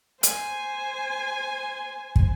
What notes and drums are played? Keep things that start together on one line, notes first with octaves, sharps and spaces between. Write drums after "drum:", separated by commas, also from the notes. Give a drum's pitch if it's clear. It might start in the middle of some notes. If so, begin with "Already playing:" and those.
C5 G#5, drum: hi-hat
drum: kick